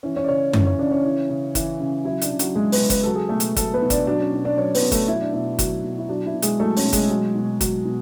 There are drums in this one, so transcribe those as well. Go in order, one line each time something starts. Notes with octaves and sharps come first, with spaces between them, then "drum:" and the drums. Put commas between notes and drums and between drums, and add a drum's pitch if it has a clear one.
E3 C#4 C#5
C#4 C#5
D5
C#3 C#4 C#5
E3 C#4 C#5, drum: tom F#2
C#4 C#5
C#3 D4 D5
C#4 C#5
E3
C#3
E3, drum: kick G1, hi-hat
C#3
F#3 E4
D4, drum: hi-hat
C#3
F#3 F#4, drum: hi-hat
F#3 G#3 G#4
B3 B4, drum: open hi-hat
C#3
B4, drum: kick G1, hi-hat
F#3 A4
G#4
B2 A3 A4
drum: hi-hat
F#3 A3 A4, drum: kick G1, hi-hat
B3 B4
B2
D4 D5, drum: kick G1, hi-hat
F#3 D4 D5
C#4 C#5
B2
D4 D5
F#3 C#4 C#5
B3 B4, drum: open hi-hat
B2
A3 A4, drum: kick G1, hi-hat
F#3 E4
D4
B2 E4
F#3, drum: kick G1, hi-hat
B2
E4
F#3 D4
E4
B2
G#3 G#4, drum: hi-hat
F#3 A3 A4
C#4 C#5, drum: open hi-hat
B2
G#3 G#4, drum: kick G1, hi-hat
F#3
B2
F#3, drum: kick G1, hi-hat
B2